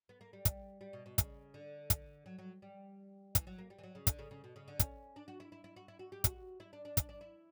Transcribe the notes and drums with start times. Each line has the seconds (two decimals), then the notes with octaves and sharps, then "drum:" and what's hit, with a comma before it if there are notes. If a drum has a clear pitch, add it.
0.09 B3
0.21 A#3
0.33 G3
0.45 drum: kick, hi-hat
0.81 G3
0.93 B2
1.06 B2
1.18 C#3, drum: kick, hi-hat
1.54 D3
1.90 drum: kick, hi-hat
2.26 F#3
2.38 F#3
2.62 G3
3.35 E3, drum: kick, hi-hat
3.47 F#3
3.58 A#3
3.70 G3
3.79 E3
3.83 F#3
3.95 C#3
4.07 D3, drum: kick, hi-hat
4.19 C#3
4.31 C#3
4.44 B2
4.56 C#3
4.68 D3
4.79 C#4, drum: kick, hi-hat
5.16 D4
5.28 F#4
5.40 E4
5.52 E4
5.64 E4
5.76 F#4
5.88 E4
5.99 F#4
6.12 G4
6.24 F#4, drum: kick, hi-hat
6.60 E4
6.73 D4
6.85 D4
6.97 D4, drum: kick, hi-hat
7.09 D4
7.21 E4